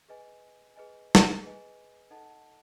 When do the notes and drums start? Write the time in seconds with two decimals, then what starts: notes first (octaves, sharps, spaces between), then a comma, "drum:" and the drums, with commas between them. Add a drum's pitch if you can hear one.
0.08 G#4 B4 D#5 G#5
0.76 G#4 B4 D#5 G#5
1.15 drum: snare
1.43 G#4 B4 D#5 G#5
2.11 D#4 A4 D#5 F#5 A5